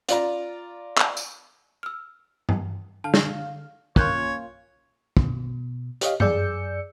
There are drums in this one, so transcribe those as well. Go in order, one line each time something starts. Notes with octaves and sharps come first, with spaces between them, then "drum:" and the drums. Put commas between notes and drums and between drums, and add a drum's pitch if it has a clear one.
F4 D5 A#5, drum: hi-hat
drum: clap
drum: tambourine
E6 F6
drum: tom G2
D3 F5 A5
drum: snare
A#3 C#4 F4 C#5 C#6 F#6 G6, drum: kick
B2, drum: kick
G4 C#5 D#5 F5, drum: hi-hat
F#2 G#4 D5 E6 G6 C#7, drum: tom G2